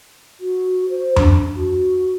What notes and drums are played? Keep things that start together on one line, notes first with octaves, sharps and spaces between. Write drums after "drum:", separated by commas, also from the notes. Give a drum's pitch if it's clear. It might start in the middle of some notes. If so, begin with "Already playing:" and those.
F#4
C5
D4, drum: tom F2
F#4